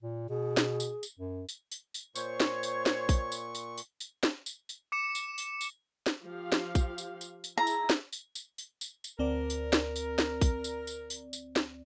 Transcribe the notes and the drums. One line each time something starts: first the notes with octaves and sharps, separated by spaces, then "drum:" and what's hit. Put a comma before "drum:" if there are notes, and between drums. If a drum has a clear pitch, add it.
A#2
B2 G#4
drum: snare
drum: tambourine
drum: tambourine
F#2
drum: tambourine
drum: tambourine
drum: tambourine
A#2 C5 C#5 C#6, drum: tambourine
drum: snare
drum: tambourine
drum: snare
drum: kick A#1, tambourine
drum: tambourine
drum: tambourine
drum: tambourine
drum: tambourine
drum: snare
drum: tambourine
drum: tambourine
D6 C#7 E7
drum: tambourine
drum: tambourine
drum: tambourine
drum: snare
F3 G4 F5
drum: snare
drum: kick A#1, tambourine
drum: tambourine
drum: tambourine
drum: tambourine
E4 G#4 A#5
drum: tambourine
drum: snare
drum: tambourine
drum: tambourine
drum: tambourine
drum: tambourine
drum: tambourine
D2 C4 A#4 D5
drum: tambourine
drum: snare
drum: tambourine
drum: snare
drum: kick A#1, tambourine
drum: tambourine
drum: tambourine
drum: tambourine
drum: tambourine
drum: snare